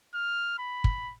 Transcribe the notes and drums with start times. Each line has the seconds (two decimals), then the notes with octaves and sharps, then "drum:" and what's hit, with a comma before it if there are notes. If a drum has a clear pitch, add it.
0.15 F6
0.59 B5
0.84 drum: kick